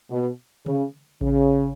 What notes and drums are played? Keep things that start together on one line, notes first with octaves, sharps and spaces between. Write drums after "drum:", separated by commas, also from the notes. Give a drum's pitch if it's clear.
B2
C#3, drum: tom C#3
C#3, drum: kick A1